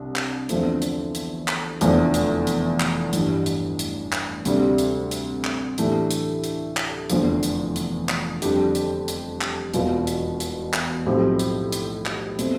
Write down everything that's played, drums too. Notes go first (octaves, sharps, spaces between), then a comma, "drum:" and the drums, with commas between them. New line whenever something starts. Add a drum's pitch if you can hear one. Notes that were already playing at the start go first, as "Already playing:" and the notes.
Already playing: C2 C3 D4
drum: clap
E2 D3 F3 A3 C4, drum: hi-hat
drum: hi-hat
drum: hi-hat
drum: clap
F1 E2 D3 F3 A3, drum: hi-hat
drum: hi-hat
drum: hi-hat
drum: clap
A1 G2 E3 G3, drum: hi-hat
drum: hi-hat
drum: hi-hat
drum: clap
D2 C3 G3, drum: hi-hat
drum: hi-hat
drum: hi-hat
drum: clap
A2 E3 A3 D4 G4, drum: hi-hat
drum: hi-hat
drum: hi-hat
drum: clap
F1 E2 D3 F3, drum: hi-hat
drum: hi-hat
drum: hi-hat
drum: clap
F2 D3 G3 D4 G4, drum: hi-hat
drum: hi-hat
drum: hi-hat
drum: clap
E1 E2 B2 B3 F4, drum: hi-hat
drum: hi-hat
drum: hi-hat
drum: clap
B1 A2 F3 C4 G4
drum: hi-hat
drum: hi-hat
drum: clap
B2 A3 C4, drum: hi-hat